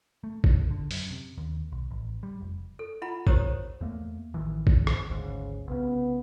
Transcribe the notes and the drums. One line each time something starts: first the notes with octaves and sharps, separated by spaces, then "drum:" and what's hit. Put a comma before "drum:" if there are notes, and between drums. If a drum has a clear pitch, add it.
A3
D2, drum: kick
F#1
D3
F#2, drum: open hi-hat
C3
D#2
B1
A1
G3
F1
A4
E4 F4 F#5 B5
G4 A#4 C5 C#5 A#5 D#6, drum: kick
E2 A3 A#3
A1 D#3 E3
drum: kick
drum: rim click
G#1 D2 G#2 C#3
C2 C#3 B3